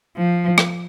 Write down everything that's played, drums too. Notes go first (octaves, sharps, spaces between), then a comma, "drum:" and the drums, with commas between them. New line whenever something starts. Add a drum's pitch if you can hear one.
F3
drum: rim click